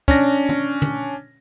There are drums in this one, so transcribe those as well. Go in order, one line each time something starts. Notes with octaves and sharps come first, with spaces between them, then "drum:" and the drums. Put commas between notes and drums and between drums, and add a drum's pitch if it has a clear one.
C#4 D4 A#6, drum: kick
drum: tom
drum: tom